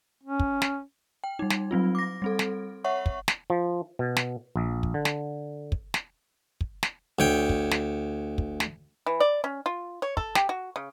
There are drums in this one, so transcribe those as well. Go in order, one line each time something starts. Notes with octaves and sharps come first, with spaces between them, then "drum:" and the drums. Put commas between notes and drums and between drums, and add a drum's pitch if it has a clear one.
C#4
drum: kick
drum: snare
G5
G3 D#4
drum: snare
F#3 C4 F4
D6 A#6
G3 C4 A4
drum: snare
C#5 E5 F#5 C#6
drum: kick
drum: snare
F3
B2
drum: snare
A#1
drum: kick
D3
drum: snare
drum: kick
drum: snare
drum: kick
drum: snare
D2 C#5 G5
drum: kick
drum: snare
drum: kick
drum: snare
E3
D5
C#4
F4
C#5
A4, drum: kick
G4, drum: snare
F#4
C#3